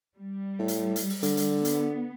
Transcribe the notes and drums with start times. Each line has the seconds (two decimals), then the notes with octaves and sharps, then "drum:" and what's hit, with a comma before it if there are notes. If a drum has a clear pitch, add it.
0.17 G3
0.59 A2
0.68 drum: hi-hat
0.96 drum: hi-hat
1.10 drum: open hi-hat
1.23 D3, drum: hi-hat
1.37 drum: hi-hat
1.65 B3, drum: hi-hat